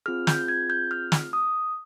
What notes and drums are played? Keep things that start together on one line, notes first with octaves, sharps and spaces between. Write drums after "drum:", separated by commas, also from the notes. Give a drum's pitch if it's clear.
C4 F4 G#4 F6
G6, drum: snare
G#6
G6
F6
drum: snare
D#6